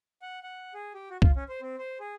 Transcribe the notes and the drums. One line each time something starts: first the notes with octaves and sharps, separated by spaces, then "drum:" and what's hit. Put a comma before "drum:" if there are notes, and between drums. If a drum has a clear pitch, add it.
F#5
F#5
G#4
G4
F#4
F4, drum: kick
C#4
C5
C4
C5
G#4